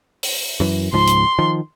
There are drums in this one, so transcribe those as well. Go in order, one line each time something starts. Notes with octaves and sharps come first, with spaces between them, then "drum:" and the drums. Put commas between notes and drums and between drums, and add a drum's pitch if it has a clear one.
drum: open hi-hat
F#2 E3
C#2 G#2 F3 C6
drum: hi-hat
D#3 F3